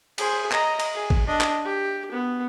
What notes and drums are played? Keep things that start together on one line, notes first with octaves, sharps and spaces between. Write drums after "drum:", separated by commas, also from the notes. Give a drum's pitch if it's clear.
G#4 C5, drum: cymbal
D#5 A#5, drum: clap
drum: cymbal
G#4
drum: kick G#1
D4 D#5
drum: clap
G4
B3